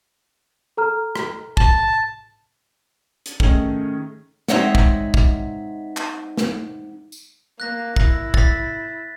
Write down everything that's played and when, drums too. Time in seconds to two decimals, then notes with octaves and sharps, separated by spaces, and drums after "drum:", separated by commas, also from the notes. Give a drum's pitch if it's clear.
0.77 A4 A#5 F6
1.16 drum: rim click
1.57 A5, drum: kick
3.26 drum: hi-hat
3.40 D#3 A3 C#4 G#4 C#5 D#5, drum: kick
4.48 G#3 C4 D#4 C#5 E5 F#5, drum: snare
4.75 drum: kick
5.14 drum: kick
5.97 drum: clap
6.37 drum: snare
7.12 drum: tambourine
7.60 A#3 F#6 A#6
7.96 E4 A#6, drum: kick
8.34 A6 B6, drum: kick